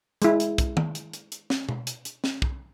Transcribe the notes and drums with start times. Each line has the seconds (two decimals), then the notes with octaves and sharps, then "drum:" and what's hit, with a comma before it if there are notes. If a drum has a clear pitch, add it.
0.22 G#3 E4, drum: hi-hat
0.40 drum: hi-hat
0.58 drum: kick, hi-hat
0.77 drum: tom
0.95 drum: hi-hat
1.13 drum: hi-hat
1.32 drum: hi-hat
1.50 drum: snare
1.69 drum: tom B2
1.87 drum: hi-hat
2.05 drum: hi-hat
2.24 drum: snare
2.42 drum: kick